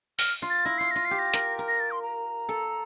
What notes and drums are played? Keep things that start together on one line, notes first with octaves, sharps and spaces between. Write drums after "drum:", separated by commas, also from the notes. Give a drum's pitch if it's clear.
F6, drum: open hi-hat
F4
A6
E4 A#6
F4 C7
F4 A#6
C7
G4
A#6
A#4, drum: hi-hat
A#4
A#6
A6
C6
A#5
A4